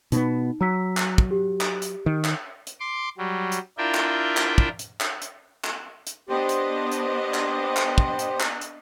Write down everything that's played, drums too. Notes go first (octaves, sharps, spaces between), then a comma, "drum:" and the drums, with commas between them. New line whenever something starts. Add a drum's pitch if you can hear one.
B2 B3 D#4, drum: hi-hat
F#3 A#5 E6 B6
drum: clap
drum: kick
G4
drum: clap
drum: hi-hat
D#3
drum: clap
drum: hi-hat
C6 D6
F#3 G3
drum: hi-hat
D4 E4 F4 A#4 E5 G5
drum: clap
drum: clap
drum: kick
drum: hi-hat
drum: clap
drum: hi-hat
drum: clap
drum: hi-hat
B3 D4 G4 C5 D#5
drum: hi-hat
drum: hi-hat
drum: clap
drum: clap
drum: kick
drum: hi-hat
drum: clap
drum: hi-hat